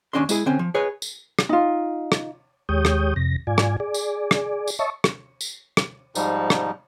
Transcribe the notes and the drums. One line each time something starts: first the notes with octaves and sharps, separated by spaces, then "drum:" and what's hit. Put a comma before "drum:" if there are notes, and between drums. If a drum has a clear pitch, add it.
D#2 C#4 D4 D#5 C6
G#3 E4 G#4, drum: tambourine
D3 C4 C#4
F3
G#4 B4 C#5 D#5
drum: tambourine
drum: rim click
D#4 F4
drum: rim click
D#2 G#3 G4 C#5 D#6 G6
drum: rim click
F2 C3 A#6
G#2 F4 D5 G#5
drum: rim click
G#4 D5
drum: tambourine
drum: rim click
drum: tambourine
C#5 D#5 E5 A5 C#6
drum: rim click
drum: tambourine
drum: rim click
G#2 F3 G3 D#4, drum: tambourine
drum: rim click